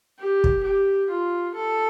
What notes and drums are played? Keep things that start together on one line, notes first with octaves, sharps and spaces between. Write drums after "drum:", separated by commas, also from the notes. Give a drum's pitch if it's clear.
G4
drum: kick
G4
F4
A4